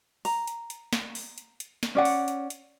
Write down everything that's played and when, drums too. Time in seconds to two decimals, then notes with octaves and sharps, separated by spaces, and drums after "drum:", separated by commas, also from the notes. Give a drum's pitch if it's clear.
0.25 A#5, drum: open hi-hat
0.47 drum: hi-hat
0.70 drum: hi-hat
0.93 drum: snare
1.15 drum: open hi-hat
1.38 drum: hi-hat
1.60 drum: hi-hat
1.83 drum: snare
1.95 C#4 D5 F#5
2.05 drum: open hi-hat
2.28 drum: hi-hat
2.50 drum: hi-hat